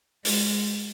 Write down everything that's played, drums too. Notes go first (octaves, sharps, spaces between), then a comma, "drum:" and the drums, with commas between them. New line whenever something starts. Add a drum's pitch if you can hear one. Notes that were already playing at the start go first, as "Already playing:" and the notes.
G#3, drum: open hi-hat